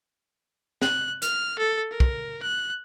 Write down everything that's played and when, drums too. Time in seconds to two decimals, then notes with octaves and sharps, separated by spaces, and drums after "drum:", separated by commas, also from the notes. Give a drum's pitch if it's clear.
0.82 F#6, drum: snare
1.22 F6, drum: hi-hat
1.59 A4
1.91 A#4
2.00 drum: kick
2.42 F#6